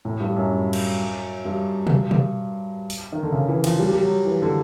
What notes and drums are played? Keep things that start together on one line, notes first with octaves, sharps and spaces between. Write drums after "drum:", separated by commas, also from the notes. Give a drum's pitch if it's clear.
A2
G2
F#2
drum: cymbal
G2
drum: tom B2
drum: tom B2
drum: open hi-hat
D#3
D3
C#3
E3
F3, drum: cymbal
G3
G3
F#3
E3
D3